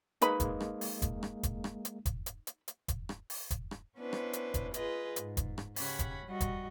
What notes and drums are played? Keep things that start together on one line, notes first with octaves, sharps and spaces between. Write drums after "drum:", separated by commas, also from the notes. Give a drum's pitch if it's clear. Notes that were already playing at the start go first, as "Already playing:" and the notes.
G#3 A#3 D#4 B4 B5, drum: hi-hat
drum: kick E1, hi-hat
drum: rim click
drum: open hi-hat
drum: kick E1, hi-hat
drum: rim click
drum: kick E1, hi-hat
drum: rim click
drum: hi-hat
drum: kick E1, hi-hat
drum: hi-hat
drum: hi-hat
drum: hi-hat
drum: kick E1, hi-hat
drum: rim click
drum: open hi-hat
drum: kick E1, hi-hat
drum: rim click
B3 C#4 D4 E4 B4 C5
drum: rim click
drum: hi-hat
drum: kick E1, hi-hat
F4 G#4 B4 D#5, drum: hi-hat
G#2, drum: hi-hat
drum: kick E1, hi-hat
drum: rim click
C#3 C#4 G4 F#5 B5 G#6, drum: open hi-hat
drum: kick E1, hi-hat
G3 F#4 D#5
drum: kick E1, hi-hat